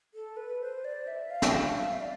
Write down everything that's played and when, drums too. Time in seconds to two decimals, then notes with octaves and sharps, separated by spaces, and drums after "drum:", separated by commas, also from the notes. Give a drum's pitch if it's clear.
0.14 A4
0.36 B4
0.61 C5
0.84 D5
1.07 E5
1.30 F5
1.42 E5, drum: snare
1.55 F5
1.77 F5
1.93 E5
2.01 D5